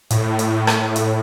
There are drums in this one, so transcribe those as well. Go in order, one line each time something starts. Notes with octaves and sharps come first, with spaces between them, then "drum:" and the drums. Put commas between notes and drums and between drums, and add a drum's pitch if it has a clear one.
A2, drum: hi-hat
drum: hi-hat
drum: rim click
drum: hi-hat